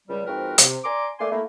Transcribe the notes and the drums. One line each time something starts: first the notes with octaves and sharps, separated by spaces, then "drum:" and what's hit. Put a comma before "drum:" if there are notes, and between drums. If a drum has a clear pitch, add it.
C#2 G3
G#2 F3 C4 F#4 A#4 B4
C3, drum: hi-hat
D5 G#5 A#5 C6 D6
A3 A#3 D5 G#5 C6
A3 A#3 E4